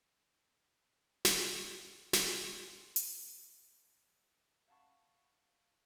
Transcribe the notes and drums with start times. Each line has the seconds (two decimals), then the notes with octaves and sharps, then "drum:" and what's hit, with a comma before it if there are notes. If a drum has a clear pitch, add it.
1.25 drum: snare
2.13 G#5, drum: snare
2.45 C6
2.96 drum: hi-hat
4.68 F5 F#5 A5 B5 C#6